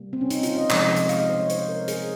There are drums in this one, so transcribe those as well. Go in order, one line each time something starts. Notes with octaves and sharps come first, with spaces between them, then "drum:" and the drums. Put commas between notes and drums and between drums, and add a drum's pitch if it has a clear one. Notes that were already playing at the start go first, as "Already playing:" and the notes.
Already playing: C3 G3 A#3
C4
C#4
D#4, drum: hi-hat
F4, drum: hi-hat
D#5
C3 F3 G#3, drum: clap
drum: hi-hat
F5, drum: hi-hat
D#5
C5
C#5
C5, drum: hi-hat
A#4
G#4, drum: hi-hat